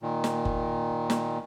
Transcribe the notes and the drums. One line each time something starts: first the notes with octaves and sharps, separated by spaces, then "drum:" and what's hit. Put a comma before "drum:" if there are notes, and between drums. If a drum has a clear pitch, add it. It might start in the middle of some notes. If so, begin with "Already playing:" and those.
A#2 D#3
drum: snare
drum: kick F#1
drum: snare